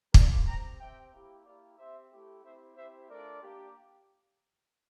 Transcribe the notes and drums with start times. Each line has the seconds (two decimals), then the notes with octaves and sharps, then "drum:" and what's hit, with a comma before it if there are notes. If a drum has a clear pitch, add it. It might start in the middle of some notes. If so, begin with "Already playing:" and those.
0.14 G3 A#3 F4 A#4 D5, drum: kick
0.47 C4 G4 G5 A#5
0.80 C4 G4 E5 G5
1.13 A#3 E4 G4
1.46 A#3 E4 G4 D5 F5
1.78 C4 G4 C5 E5
2.12 A3 E4 G4
2.44 C4 E4 G4 C5 E5
2.76 C4 E4 G4 C5 E5
3.10 A3 D4 F4 A#4 D5
3.42 A#3 D4 G4